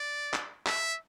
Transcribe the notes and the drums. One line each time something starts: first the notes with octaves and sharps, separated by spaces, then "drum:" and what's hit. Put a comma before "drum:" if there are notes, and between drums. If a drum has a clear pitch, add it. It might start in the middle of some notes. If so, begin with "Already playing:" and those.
Already playing: D5
drum: clap
E5, drum: clap